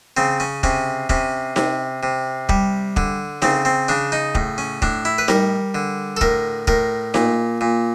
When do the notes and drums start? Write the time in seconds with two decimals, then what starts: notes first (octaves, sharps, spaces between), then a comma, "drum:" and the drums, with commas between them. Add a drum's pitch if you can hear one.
0.17 C#3 C4
0.40 C#4
0.63 C3 C#4, drum: kick
1.09 C3 C#4, drum: kick
1.56 C3, drum: snare D#4
2.03 C3
2.49 G3, drum: kick
2.96 D3, drum: kick
3.42 C#3 C4, drum: snare D#4
3.65 C4
3.88 C#3 D4
4.12 D#4
4.35 A2, drum: kick
4.58 C#4
4.82 A2 D4, drum: kick
5.05 E4
5.18 B4
5.28 G3 A#4, drum: snare D#4
5.75 D3
6.17 A4
6.21 A2 A#4, drum: kick
6.67 A2 A#4, drum: kick
7.14 A#2, drum: snare D#4
7.61 A#2